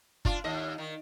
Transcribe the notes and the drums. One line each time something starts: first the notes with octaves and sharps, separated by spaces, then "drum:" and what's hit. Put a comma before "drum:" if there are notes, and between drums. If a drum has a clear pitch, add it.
D4 F4, drum: kick F#1
D#2 D#5
D#3